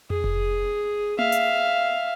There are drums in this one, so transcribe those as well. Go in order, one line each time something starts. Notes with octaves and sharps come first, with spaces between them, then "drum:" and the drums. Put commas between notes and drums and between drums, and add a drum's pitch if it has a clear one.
G#4, drum: tom F2
drum: kick F1
E5 F5, drum: tom A#3
drum: hi-hat